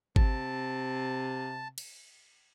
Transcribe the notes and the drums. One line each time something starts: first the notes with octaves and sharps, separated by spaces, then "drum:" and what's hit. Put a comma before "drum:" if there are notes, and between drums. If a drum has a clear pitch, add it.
C3 A5, drum: kick G#1
drum: cymbal